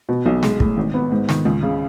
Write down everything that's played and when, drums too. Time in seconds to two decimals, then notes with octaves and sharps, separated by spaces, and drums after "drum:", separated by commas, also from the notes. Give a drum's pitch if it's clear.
0.09 B2
0.26 B1
0.43 G#3, drum: snare
0.60 A2, drum: kick
0.77 G#1
0.94 B3
1.11 G#2
1.29 D#3, drum: snare
1.45 C#2
1.63 C#3